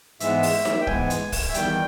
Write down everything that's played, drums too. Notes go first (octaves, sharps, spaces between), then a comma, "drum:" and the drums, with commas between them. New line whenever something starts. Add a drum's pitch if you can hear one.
G#2 E3 G#3 B3 E5, drum: hi-hat
drum: open hi-hat
drum: snare D#4
G5
G#2 E3 G#3 B3 G#5, drum: kick
drum: hi-hat
drum: kick, open hi-hat
E5
E2 D#3 G3 G5, drum: hi-hat